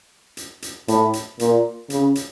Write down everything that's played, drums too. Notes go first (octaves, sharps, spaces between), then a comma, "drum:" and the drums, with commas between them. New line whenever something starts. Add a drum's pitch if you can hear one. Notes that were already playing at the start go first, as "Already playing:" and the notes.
drum: hi-hat
drum: hi-hat
A2, drum: hi-hat
drum: hi-hat
A#2, drum: hi-hat
C#3, drum: hi-hat
drum: hi-hat